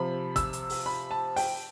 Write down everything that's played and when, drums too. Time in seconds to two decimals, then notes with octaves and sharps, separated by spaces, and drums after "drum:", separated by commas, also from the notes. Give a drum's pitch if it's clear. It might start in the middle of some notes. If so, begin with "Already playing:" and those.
Already playing: C3 F3 B5
0.36 E6, drum: kick, hi-hat
0.53 drum: hi-hat
0.70 drum: open hi-hat
0.86 B5
1.11 A5
1.36 G5, drum: open hi-hat